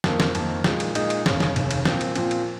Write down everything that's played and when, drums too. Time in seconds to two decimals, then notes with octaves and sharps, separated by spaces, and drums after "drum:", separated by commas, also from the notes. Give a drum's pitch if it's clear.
0.04 F2 D#3 A#3, drum: snare
0.20 drum: snare
0.35 F2 D#3 A#3, drum: cymbal
0.64 A#2 G#3 D#4, drum: snare
0.80 drum: cymbal
0.95 A#2 G#3 D#4, drum: cymbal
1.10 drum: cymbal
1.26 F1 D#2 C#3, drum: snare
1.40 drum: snare
1.56 F1 D#2 C#3, drum: cymbal
1.71 drum: cymbal
1.85 A#2 F3 C4, drum: snare
2.01 drum: cymbal
2.15 A#2 F3 C4, drum: cymbal
2.31 drum: cymbal